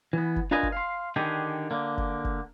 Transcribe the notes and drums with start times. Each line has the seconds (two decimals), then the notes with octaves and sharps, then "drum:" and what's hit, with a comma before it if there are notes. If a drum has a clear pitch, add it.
0.13 E3 B3
0.36 drum: kick
0.51 D4 F4 A#4 B4 D#5 G#5
0.63 drum: kick
0.72 F5 C6
1.16 D3 D#3 D4 G4 G#4
1.71 D3 A#3
1.98 drum: kick
2.24 drum: kick